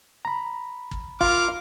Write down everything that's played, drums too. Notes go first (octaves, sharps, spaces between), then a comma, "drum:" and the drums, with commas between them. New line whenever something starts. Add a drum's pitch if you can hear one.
A#5 B5
drum: kick
F4 A#4 C6 D6 F6, drum: kick